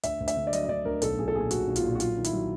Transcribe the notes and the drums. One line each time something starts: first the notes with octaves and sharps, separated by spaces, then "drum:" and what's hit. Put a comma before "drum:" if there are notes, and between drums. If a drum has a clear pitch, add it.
D2 E5, drum: hi-hat
D2
E5, drum: hi-hat
D3
D5
F#3 D#5, drum: hi-hat
D#5
D3 D5
D2 A#4
B1 A4, drum: hi-hat
B1 G#4
A4
A#2 G#4
A#2 F#4, drum: hi-hat
B1
F4, drum: hi-hat
A#2
F#4
F#3 F4, drum: hi-hat
D#3
E4, drum: hi-hat
F#3